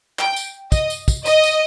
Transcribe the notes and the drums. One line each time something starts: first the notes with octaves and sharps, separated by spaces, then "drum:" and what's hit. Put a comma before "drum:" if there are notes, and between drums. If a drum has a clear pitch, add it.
G5, drum: clap
drum: tambourine
D#5, drum: kick, tambourine
drum: tambourine
drum: kick, tambourine
D#5, drum: tambourine
drum: tambourine